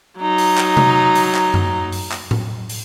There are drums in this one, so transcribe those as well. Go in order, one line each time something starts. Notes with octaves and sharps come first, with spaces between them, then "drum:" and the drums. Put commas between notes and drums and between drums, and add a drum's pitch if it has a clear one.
F#3 D#4
drum: open hi-hat
drum: clap
drum: tom C3
drum: open hi-hat
drum: clap
drum: tom F#2
drum: open hi-hat
drum: clap
drum: tom A2
drum: open hi-hat